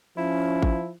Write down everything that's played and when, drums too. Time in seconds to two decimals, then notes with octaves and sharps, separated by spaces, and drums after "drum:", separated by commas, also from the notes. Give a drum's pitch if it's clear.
0.17 F3 C#4 E4
0.63 drum: kick G#1